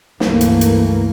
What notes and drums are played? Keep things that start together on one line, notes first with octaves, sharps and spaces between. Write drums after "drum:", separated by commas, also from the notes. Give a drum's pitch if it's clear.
C#2 G2 E3 A3 A#3, drum: snare
drum: hi-hat
drum: hi-hat